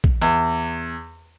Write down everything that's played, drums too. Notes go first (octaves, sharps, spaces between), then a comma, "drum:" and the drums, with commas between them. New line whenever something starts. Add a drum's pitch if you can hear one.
drum: kick
E2, drum: hi-hat